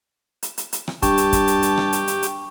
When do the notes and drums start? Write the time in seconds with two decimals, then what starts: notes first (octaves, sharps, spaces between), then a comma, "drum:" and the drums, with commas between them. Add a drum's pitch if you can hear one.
0.43 drum: hi-hat
0.58 drum: hi-hat
0.73 drum: hi-hat
0.88 drum: rim click
1.03 G2 G4 A5 C#6, drum: kick, hi-hat
1.18 drum: hi-hat
1.33 drum: kick, hi-hat
1.48 drum: hi-hat
1.63 drum: hi-hat
1.78 drum: rim click
1.93 drum: hi-hat
2.08 drum: hi-hat
2.23 drum: hi-hat